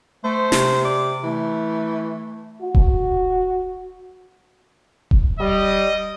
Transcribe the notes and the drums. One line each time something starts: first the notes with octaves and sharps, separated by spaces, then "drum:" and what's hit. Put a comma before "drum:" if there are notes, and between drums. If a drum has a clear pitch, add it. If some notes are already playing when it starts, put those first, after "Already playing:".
A3 C5
C3, drum: snare
D5
E3 A3
F#4
drum: kick D#1
drum: kick D#1
G3 D#5